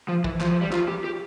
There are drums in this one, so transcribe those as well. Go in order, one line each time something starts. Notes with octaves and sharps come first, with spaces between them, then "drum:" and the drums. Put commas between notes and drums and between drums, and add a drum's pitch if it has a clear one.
F3
E3, drum: kick
F3, drum: clap
F3
G3
F4, drum: clap
G4
G4